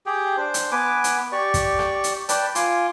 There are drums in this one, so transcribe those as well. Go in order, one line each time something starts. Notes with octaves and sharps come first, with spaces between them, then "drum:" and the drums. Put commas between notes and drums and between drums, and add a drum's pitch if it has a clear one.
G4 G#4 G5
D4 C5
drum: hi-hat
B3 B4 G#5 D6
drum: hi-hat
G4 D5 C#6
drum: kick, hi-hat
drum: rim click
drum: hi-hat
B4 D5 G5 A5, drum: hi-hat
F4 G#5 C6 D6, drum: hi-hat